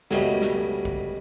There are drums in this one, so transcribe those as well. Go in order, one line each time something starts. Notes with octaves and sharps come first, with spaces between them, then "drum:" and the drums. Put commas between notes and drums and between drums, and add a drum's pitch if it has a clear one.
C#2 F#2 B2 G3 A3, drum: snare
drum: snare
drum: kick